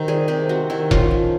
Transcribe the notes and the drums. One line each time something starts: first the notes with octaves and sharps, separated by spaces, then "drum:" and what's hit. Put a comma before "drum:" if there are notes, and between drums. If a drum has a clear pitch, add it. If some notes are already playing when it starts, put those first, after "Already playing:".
Already playing: C3 D#3 C4
G3 G#4
C3 G4
C4 F#4
D#3 E4
C#4 F4, drum: kick E1
F3